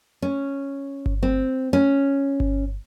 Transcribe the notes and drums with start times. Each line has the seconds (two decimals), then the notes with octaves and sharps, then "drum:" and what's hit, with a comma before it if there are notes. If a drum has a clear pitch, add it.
0.22 C#4
1.06 drum: kick G1
1.23 C4
1.73 C#4
2.40 drum: kick G1